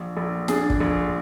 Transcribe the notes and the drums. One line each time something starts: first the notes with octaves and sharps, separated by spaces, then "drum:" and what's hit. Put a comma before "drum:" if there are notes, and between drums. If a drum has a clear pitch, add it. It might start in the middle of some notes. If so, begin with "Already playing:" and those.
Already playing: A#1
A#1
D4 G#4, drum: snare
drum: kick
A#1